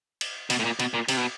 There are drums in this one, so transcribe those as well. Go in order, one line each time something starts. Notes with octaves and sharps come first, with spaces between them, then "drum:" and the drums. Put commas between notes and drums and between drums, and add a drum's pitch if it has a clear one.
drum: cymbal
B2, drum: cymbal
A2
A#2
B2, drum: cymbal
A#2
C3, drum: cymbal
B2